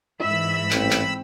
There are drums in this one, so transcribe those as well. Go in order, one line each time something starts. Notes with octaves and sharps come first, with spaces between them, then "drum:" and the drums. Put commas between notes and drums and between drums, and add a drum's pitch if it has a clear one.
G#2 E3 E5 B5 E6
A1 C4, drum: clap
drum: clap